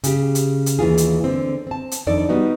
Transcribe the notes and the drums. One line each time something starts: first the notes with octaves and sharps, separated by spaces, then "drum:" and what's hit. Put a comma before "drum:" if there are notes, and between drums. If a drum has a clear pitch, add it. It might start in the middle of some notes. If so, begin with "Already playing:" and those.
C#3 G4, drum: hi-hat
drum: hi-hat
drum: hi-hat
D#2 E3 F4 G#4
drum: hi-hat
D3 C4
C4 A5
drum: hi-hat
F2 D#3 D4 D#4 A4 D5
G3 B3 D#4 F#4